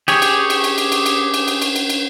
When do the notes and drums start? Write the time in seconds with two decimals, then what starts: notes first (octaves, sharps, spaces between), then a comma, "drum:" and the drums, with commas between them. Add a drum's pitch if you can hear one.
0.08 G4 G#4 C#5, drum: cymbal
0.22 drum: cymbal
0.50 drum: cymbal
0.64 drum: cymbal
0.78 drum: cymbal
0.92 drum: cymbal
1.06 drum: cymbal
1.34 drum: cymbal
1.48 drum: cymbal
1.62 drum: cymbal
1.76 drum: cymbal
1.90 drum: cymbal